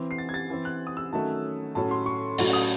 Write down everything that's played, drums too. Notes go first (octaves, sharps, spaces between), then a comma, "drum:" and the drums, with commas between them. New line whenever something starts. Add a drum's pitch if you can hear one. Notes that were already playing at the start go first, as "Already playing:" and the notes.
Already playing: E3 C4
C7
A6
G#6
A6
E3 C4
F#6
D#6
E6
D#3 F#3 A3 C#4 A5
A2 F#3 C#4 A5
C6
C#6
A2 F#3 C#4, drum: open hi-hat
D#6